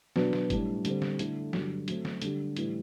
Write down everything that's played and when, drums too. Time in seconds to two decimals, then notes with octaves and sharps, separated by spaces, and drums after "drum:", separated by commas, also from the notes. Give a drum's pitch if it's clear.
0.16 B2 F#3 B3 D4, drum: snare
0.33 drum: snare
0.50 A2 G3 D4, drum: kick G1, hi-hat
0.85 D3 G3 C4, drum: hi-hat
1.02 drum: snare
1.19 D3 A3 E4 A4, drum: hi-hat
1.53 G2 D3 F#3, drum: snare
1.88 F#3 A3 C4, drum: hi-hat
2.05 drum: snare
2.22 D3 G3 D4 G4, drum: hi-hat
2.57 A2 E3 G3, drum: hi-hat